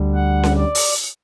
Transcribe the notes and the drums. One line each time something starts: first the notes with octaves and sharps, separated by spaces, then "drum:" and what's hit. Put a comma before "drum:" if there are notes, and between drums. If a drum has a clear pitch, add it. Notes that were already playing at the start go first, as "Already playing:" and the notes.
Already playing: D2 D3 G3
F#5
drum: snare C#4
D5
drum: open hi-hat